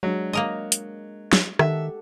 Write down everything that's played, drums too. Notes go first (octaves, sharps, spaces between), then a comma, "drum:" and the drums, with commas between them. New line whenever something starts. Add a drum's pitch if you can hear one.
F#3 G#3 D4
A#3 A#4 D#5
drum: hi-hat
drum: snare
D#3 G4 A4 E5 F#5, drum: rim click